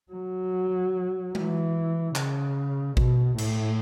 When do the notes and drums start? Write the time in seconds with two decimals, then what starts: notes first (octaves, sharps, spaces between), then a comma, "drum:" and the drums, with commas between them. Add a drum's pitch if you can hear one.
0.13 F#3
1.35 E3, drum: tom G#3
2.16 C#3, drum: clap
2.97 B2, drum: kick A1
3.38 A2, drum: cymbal